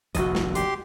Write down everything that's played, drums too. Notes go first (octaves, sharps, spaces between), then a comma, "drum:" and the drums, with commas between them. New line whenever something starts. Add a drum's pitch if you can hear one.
F1 A#1 D#2 F#4 D#5, drum: hi-hat
drum: snare
G4 C6, drum: hi-hat